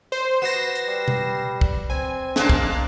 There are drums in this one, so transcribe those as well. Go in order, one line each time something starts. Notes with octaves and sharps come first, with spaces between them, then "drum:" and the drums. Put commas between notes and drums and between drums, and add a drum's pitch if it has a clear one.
C5
B3 F#4 A#6 C7 E7
drum: hi-hat
G3
drum: tom B2
drum: kick
C4 G#5
G#3 A#3 D4, drum: snare
drum: kick